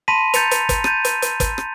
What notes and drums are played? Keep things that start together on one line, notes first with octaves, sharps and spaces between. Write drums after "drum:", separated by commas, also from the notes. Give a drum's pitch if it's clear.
A5 B5 C6 A#6 B6 D#7
A#5 G6 A6 C#7 F7, drum: hi-hat
drum: hi-hat
drum: kick, hi-hat
G6 A6 D#7, drum: rim click
drum: hi-hat
drum: hi-hat
drum: kick, hi-hat
drum: rim click